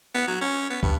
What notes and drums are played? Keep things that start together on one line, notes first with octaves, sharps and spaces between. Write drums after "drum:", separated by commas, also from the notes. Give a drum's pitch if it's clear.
B3
F#3
C#4
B3
G2, drum: kick